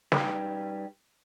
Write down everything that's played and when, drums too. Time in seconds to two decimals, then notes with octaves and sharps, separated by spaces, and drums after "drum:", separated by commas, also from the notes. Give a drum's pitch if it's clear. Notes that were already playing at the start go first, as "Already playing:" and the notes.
0.12 G3 D#4 B4 G5, drum: snare